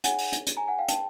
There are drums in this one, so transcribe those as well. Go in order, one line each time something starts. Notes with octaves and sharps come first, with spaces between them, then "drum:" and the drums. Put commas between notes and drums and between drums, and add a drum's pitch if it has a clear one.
D#4 G#4 C#5 F#5 G#5, drum: hi-hat
drum: open hi-hat
drum: hi-hat
drum: hi-hat
G#5 A#5
F#5 G#5
F5 G5
G5 A5, drum: hi-hat